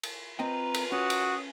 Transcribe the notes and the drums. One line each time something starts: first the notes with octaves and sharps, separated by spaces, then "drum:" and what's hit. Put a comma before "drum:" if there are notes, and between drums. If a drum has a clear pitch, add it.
drum: cymbal
C4 F4 B4 D#5 G5 A#5
drum: cymbal
C#4 F#4 D#6
drum: cymbal